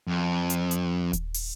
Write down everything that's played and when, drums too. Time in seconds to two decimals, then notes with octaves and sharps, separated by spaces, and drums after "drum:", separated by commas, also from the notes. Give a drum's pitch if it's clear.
0.07 F2
0.50 drum: hi-hat
0.71 drum: hi-hat
1.13 drum: kick D#1, hi-hat
1.34 drum: open hi-hat